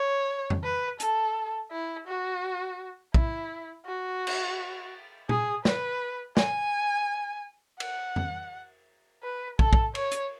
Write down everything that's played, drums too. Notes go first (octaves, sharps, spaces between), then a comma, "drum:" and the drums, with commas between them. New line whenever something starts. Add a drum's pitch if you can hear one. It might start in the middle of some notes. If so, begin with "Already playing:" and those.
Already playing: C#5
drum: tom F2
B4
A4, drum: hi-hat
E4
F#4
E4, drum: kick
F#4
drum: cymbal
G#4, drum: tom A#2
B4, drum: snare
G#5, drum: snare
F#5, drum: cymbal
drum: tom F2
B4
A4, drum: kick
drum: kick
C#5, drum: cymbal
drum: hi-hat